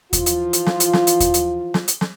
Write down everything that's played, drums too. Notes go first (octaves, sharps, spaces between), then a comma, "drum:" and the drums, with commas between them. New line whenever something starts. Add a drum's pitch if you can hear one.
E3 F3 F4, drum: kick D#2, hi-hat
drum: hi-hat
drum: hi-hat
drum: snare
drum: hi-hat
drum: snare
drum: hi-hat
drum: kick D#2, hi-hat
drum: hi-hat
drum: snare
drum: hi-hat
drum: snare